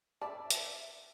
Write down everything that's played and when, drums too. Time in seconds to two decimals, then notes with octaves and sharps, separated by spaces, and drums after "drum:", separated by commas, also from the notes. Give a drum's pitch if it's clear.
0.21 D5 E5 A5 B5
0.50 drum: hi-hat